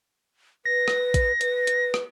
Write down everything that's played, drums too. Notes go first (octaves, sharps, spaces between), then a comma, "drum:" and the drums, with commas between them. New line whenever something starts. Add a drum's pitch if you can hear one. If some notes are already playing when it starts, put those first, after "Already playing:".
B4 A#6
drum: rim click
drum: kick A#1, hi-hat
B4, drum: hi-hat
drum: hi-hat
drum: rim click